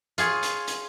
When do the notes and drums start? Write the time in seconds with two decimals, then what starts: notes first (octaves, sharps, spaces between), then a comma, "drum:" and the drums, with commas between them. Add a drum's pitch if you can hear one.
0.18 F4 G#4 C#5, drum: hi-hat
0.43 drum: hi-hat
0.68 drum: hi-hat